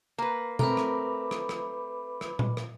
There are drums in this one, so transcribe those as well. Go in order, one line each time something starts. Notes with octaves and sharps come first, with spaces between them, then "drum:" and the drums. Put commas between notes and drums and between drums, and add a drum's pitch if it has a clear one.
A#3 B4
A3 C4 A#4 B4 B5 D6, drum: tom B2
drum: rim click
drum: rim click
drum: rim click
drum: rim click
drum: tom A#2
drum: rim click